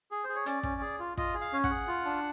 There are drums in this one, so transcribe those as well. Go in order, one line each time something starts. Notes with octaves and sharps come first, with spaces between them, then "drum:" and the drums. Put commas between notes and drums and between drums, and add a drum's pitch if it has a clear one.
G#4
G#4 C5
C#5
C#4 D5, drum: hi-hat
C#4, drum: kick
G#4
F4
F4 D#5, drum: kick
G#4
F5
C#4
F#5, drum: kick
G#4
F4
D4